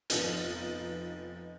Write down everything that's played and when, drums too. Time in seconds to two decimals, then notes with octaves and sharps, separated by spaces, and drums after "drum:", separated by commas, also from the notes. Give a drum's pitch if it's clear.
0.10 F1 F3 B3 D#4 D#7, drum: hi-hat